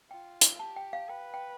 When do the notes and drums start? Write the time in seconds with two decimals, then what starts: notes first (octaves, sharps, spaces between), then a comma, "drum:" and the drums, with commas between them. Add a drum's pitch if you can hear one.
0.10 F4 G5
0.41 drum: hi-hat
0.59 G4 A5
0.76 G5
0.93 F5
1.08 B4 G5
1.34 G5